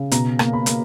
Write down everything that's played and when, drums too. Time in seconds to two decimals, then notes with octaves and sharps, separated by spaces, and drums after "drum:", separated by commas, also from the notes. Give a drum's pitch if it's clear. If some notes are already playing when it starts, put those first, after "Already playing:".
Already playing: C#3
0.12 B2 A#5, drum: hi-hat
0.39 A#3, drum: rim click
0.53 B5
0.66 A#3, drum: hi-hat